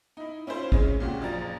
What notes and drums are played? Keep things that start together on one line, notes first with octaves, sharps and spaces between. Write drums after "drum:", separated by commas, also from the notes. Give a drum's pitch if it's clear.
D#4 E4
C#4 E4 F4 C5
C#3 G#3 C#4, drum: kick
A#2 C#3 F#4 G4
F#1 F3 D4 A#5 A6